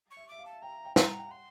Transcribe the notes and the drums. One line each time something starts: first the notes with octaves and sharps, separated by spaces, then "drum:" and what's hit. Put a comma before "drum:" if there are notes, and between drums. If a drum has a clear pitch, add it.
C#6
E5
E5 D6
F5
A5
G5 A#5
G5
A#5, drum: snare
F#5
G5
F#5 C6